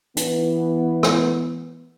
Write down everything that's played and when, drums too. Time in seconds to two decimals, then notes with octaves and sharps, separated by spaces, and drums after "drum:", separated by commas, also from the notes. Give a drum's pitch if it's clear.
0.17 E3 B3, drum: hi-hat
1.03 drum: rim click